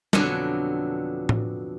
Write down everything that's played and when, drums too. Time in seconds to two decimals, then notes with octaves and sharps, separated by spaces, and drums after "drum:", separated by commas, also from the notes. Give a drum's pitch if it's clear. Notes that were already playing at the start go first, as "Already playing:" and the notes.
0.13 F2 B2 D3 F#3 D4 G#5, drum: snare
1.29 drum: tom A2